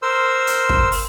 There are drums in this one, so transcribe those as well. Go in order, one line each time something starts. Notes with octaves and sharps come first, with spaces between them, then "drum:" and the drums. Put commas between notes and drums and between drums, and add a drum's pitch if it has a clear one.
A#4 C5 C6 E6
drum: hi-hat
drum: kick
drum: open hi-hat